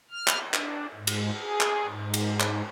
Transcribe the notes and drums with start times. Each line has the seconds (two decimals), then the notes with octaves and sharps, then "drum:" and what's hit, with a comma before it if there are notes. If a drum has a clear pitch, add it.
0.11 F6
0.28 drum: clap
0.54 D4, drum: clap
0.95 G#2
1.07 drum: cymbal
1.39 G#4
1.60 drum: clap
1.87 G#2
2.14 drum: cymbal
2.40 drum: clap